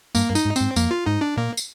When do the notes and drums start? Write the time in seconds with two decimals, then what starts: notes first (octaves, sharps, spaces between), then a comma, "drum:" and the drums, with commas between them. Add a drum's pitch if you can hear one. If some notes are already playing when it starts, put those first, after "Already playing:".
0.15 G2 A#3, drum: tambourine
0.30 G2
0.35 D#4, drum: tambourine
0.45 G#2
0.56 G#2 C4, drum: tambourine
0.76 F2 A#3, drum: tambourine
0.91 F4
1.06 G#2 D#4
1.21 D4
1.37 A#2 A#3
1.57 drum: tambourine